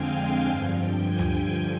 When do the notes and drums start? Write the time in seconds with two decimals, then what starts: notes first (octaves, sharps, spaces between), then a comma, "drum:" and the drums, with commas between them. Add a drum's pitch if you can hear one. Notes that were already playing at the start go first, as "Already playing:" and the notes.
Already playing: F2 D3 G#3 C4 F5 G5 G#5
0.46 G2 D3 F3
0.75 G5
1.03 G#5
1.19 drum: tom D2
1.32 G5